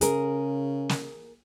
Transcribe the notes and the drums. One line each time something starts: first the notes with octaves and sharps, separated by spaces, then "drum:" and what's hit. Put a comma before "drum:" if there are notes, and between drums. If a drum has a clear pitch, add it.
C#3 G#4 A#4, drum: hi-hat
drum: snare